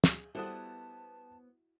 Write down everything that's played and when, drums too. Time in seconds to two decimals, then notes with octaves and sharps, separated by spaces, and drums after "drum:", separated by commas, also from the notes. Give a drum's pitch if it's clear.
0.04 G#4, drum: snare
0.35 G3 B3 E4 F#4 A4 C5 A5 D#6